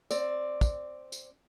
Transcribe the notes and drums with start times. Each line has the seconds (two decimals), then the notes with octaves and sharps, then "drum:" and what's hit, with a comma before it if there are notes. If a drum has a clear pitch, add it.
0.11 C4 D5, drum: tambourine
0.61 drum: kick, tambourine
1.12 drum: tambourine